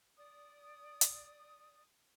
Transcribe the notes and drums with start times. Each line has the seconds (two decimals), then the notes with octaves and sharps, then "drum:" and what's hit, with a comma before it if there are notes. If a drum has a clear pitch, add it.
0.17 D5 D#6
1.01 drum: hi-hat